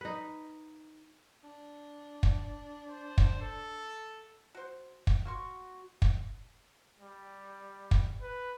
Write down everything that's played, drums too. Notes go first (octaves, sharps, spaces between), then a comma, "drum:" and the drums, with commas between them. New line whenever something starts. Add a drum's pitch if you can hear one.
D#4 B4
D4
drum: kick
C5
drum: kick
A4
F#4 C5
drum: kick
A#3 F#4 C6 C#6
drum: kick
G3
drum: kick
B4